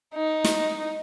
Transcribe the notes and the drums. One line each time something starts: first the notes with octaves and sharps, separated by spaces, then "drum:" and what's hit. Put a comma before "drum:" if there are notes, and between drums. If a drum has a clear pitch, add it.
D#4
drum: snare